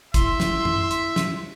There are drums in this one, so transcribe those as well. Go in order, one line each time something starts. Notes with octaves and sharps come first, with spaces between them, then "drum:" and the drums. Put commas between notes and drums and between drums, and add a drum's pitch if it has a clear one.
E4 E5 C6, drum: kick, hi-hat
drum: snare
drum: tom
drum: hi-hat
drum: snare